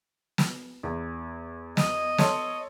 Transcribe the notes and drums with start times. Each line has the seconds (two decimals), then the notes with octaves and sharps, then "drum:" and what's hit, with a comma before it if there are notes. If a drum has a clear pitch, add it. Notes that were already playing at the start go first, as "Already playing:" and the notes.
0.38 drum: snare
0.83 E2
1.77 D#5, drum: snare
2.18 A4 C#5 C6, drum: snare